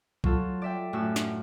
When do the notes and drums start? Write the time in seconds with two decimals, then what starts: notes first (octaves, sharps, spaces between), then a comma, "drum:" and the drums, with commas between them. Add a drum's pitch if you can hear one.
0.24 F#3 F4 A4, drum: kick B1
0.62 D5 E5 G5
0.93 F#2 A2 F#4 E6
1.16 drum: snare